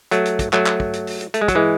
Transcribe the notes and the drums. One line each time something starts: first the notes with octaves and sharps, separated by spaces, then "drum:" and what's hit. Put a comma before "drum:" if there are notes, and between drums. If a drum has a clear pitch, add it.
F#3 A3, drum: hi-hat
drum: hi-hat
drum: kick, hi-hat
F#3 A3, drum: clap
drum: clap
drum: kick
drum: hi-hat
drum: open hi-hat
drum: hi-hat
A3, drum: hi-hat
G#3
F#3, drum: kick, hi-hat
E3 G#3